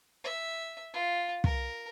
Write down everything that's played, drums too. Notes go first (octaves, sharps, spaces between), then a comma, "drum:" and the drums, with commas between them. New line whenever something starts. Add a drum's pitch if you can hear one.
E5
F4
A#4, drum: kick